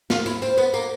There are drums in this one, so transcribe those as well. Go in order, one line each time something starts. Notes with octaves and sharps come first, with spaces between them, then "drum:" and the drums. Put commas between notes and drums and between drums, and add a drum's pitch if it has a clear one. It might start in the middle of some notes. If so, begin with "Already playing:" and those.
F4, drum: snare
E4, drum: tambourine
C4, drum: tambourine
B3, drum: tambourine
A#3, drum: tambourine